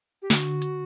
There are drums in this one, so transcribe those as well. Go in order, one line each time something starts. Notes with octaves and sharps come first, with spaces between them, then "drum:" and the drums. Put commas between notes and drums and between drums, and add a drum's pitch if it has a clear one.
G4
D3 F#4, drum: snare
drum: hi-hat